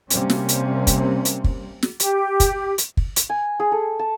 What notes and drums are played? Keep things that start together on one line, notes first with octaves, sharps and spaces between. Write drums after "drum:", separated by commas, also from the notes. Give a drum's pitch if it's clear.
C3 G3 A#3 C4 C#4, drum: hi-hat
drum: snare
drum: hi-hat
drum: kick, hi-hat
drum: hi-hat
drum: kick
drum: snare
G4, drum: hi-hat
drum: kick, hi-hat
drum: hi-hat
drum: kick
drum: hi-hat
G#5
G#4
A4
A5